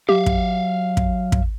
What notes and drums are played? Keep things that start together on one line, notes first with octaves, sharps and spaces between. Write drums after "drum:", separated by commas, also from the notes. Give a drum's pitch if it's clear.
F#3 G4 E5 F5
drum: kick
drum: kick
drum: kick